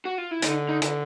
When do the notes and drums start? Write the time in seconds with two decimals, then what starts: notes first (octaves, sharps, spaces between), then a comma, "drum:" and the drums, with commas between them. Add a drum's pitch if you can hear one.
0.05 F#4
0.18 F4
0.31 E4
0.42 D3 D#4, drum: hi-hat
0.69 D#4
0.82 D3, drum: hi-hat